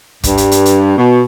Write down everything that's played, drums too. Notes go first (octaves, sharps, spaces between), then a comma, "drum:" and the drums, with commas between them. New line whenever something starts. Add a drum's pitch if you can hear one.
G2, drum: kick, hi-hat
drum: hi-hat
drum: hi-hat
drum: hi-hat
B2